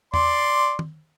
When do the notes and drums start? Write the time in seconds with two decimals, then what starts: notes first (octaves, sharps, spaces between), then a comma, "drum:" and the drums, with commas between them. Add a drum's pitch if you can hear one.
0.14 D5 C6, drum: tom E2
0.79 drum: tom